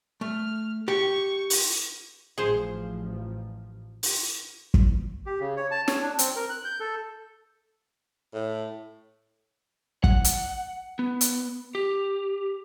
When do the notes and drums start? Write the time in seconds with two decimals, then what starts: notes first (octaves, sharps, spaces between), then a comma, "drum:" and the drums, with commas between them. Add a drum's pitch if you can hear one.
0.21 A3 F6
0.88 G4 G5 C#6
1.50 drum: open hi-hat
2.38 A1 F3 G#4 C5
4.03 drum: open hi-hat
4.74 drum: kick
5.26 G4
5.40 C#3
5.57 C#5
5.71 A5
5.88 C#5, drum: snare
6.02 D4
6.19 C4, drum: hi-hat
6.36 A#4
6.50 F#6
6.65 G6
6.80 A4
8.34 A2
10.04 F#5, drum: kick
10.24 drum: hi-hat
10.99 B3
11.21 drum: hi-hat
11.75 G4